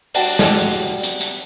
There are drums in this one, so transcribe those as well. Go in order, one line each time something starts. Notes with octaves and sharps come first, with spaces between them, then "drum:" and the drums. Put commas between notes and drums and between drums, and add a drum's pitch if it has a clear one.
G3 D4 F#4 G5 A5, drum: open hi-hat
drum: snare
drum: hi-hat
drum: hi-hat